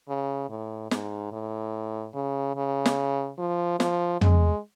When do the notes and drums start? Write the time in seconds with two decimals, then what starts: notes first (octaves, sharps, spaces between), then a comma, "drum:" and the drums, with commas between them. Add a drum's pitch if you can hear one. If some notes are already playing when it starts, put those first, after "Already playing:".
0.09 C#3
0.50 A2
0.91 G#2, drum: snare
1.33 A2
2.15 C#3
2.56 C#3
2.86 drum: snare
3.38 F3
3.80 F3, drum: snare
4.21 G#3, drum: tom